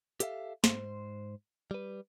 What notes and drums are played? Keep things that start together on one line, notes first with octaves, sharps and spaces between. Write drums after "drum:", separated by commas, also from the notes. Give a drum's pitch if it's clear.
G4 A4 C5 E5 F5, drum: hi-hat
G#2 C5 C6, drum: snare
G3 B4